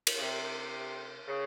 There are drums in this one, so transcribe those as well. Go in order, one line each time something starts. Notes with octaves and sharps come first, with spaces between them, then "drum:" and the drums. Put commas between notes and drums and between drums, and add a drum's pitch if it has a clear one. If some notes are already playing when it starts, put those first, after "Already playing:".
drum: cymbal
C#3
C3
C#3